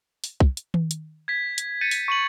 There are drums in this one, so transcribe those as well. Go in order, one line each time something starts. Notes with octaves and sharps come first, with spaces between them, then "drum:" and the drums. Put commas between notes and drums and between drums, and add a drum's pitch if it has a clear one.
drum: open hi-hat
drum: kick
drum: hi-hat
drum: tom D#3
drum: hi-hat
G#6 B6
drum: hi-hat
G6 A6 C#7 D#7
drum: open hi-hat
C#6 D#7 F#7